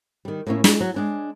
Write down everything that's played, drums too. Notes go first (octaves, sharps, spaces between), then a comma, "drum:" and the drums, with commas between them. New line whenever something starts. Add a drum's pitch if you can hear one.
D#3 G3
A2 A3 A#3 C4 C#4 E4
G#3, drum: snare
F#3
G#3 D4 G#5